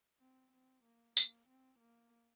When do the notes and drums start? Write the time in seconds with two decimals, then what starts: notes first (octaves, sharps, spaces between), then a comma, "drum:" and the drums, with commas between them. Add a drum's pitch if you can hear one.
0.20 C4
0.53 C4
0.84 A#3
1.17 A#3, drum: tambourine
1.48 C4
1.79 A#3